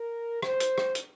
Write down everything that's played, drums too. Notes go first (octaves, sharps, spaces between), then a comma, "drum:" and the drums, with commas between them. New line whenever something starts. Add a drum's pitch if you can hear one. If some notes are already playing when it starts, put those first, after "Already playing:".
Already playing: A#4
C5, drum: rim click
drum: hi-hat
drum: rim click
drum: hi-hat